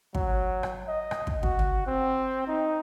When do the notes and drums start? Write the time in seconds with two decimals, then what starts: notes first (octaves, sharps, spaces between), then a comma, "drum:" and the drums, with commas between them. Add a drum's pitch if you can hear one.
0.15 F#3, drum: kick
0.63 drum: rim click
0.88 D#5
1.11 drum: rim click
1.27 drum: kick
1.43 F#4, drum: kick
1.59 drum: tom
1.86 C4
2.47 D#4